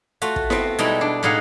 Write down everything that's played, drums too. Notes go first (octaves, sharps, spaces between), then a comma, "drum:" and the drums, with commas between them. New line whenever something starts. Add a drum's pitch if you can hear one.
A3 F4 F#4, drum: hi-hat
drum: kick
B3 C4, drum: snare E4
B2 G3 G#3 D#4 E4 G5, drum: hi-hat
D4
A2 G#3 D#4 D#5 F5 F#5